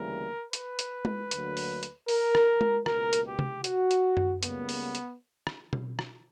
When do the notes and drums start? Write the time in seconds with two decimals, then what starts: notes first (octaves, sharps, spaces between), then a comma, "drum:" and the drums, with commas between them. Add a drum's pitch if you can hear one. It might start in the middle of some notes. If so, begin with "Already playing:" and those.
Already playing: D2 C#3 E3 G3 A#3 A#4
0.53 B4, drum: hi-hat
0.79 drum: hi-hat
1.05 drum: tom G#3
1.31 D2 D3 F#3 A#3, drum: hi-hat
1.57 drum: open hi-hat
1.83 drum: hi-hat
2.08 A#4, drum: open hi-hat
2.35 drum: rim click
2.61 drum: tom G#3
2.86 C#2 B2 A#3 A#4, drum: rim click
3.13 drum: hi-hat
3.26 G4
3.39 drum: tom
3.64 F#4, drum: hi-hat
3.91 drum: hi-hat
4.17 drum: tom F#2
4.43 C#2 C#3 G3 A#3 B3, drum: hi-hat
4.69 drum: open hi-hat
4.95 drum: hi-hat
5.47 drum: rim click
5.73 drum: tom B2
5.99 drum: rim click